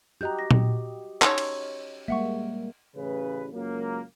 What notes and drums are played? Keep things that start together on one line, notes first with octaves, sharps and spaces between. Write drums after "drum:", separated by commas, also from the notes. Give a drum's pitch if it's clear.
F#4 G4 D#5 A#5 F#6 G6
A#6
drum: tom A#2
C#4 D#4 C#5 C6 E6, drum: clap
drum: cymbal
G3 G#3 A#3 E5 F#5 C#6
A1 C#3 B4
C#2 F#2 F#3 A#3